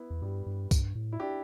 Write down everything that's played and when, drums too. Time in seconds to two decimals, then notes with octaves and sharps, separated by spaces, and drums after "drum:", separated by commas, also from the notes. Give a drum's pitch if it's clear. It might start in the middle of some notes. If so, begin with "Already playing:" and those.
Already playing: B3 E4
0.10 E2
0.21 G2 G3
0.46 G2
0.71 G2, drum: kick B1, tambourine
0.95 A2
1.13 E4
1.20 D4 G4